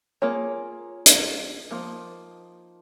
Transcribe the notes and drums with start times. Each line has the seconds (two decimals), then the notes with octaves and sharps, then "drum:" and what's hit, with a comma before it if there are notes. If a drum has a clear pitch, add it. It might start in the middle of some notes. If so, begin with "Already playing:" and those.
0.22 A#3 F4 G#4 C#5
1.06 drum: hi-hat
1.71 F3 A#3 D#4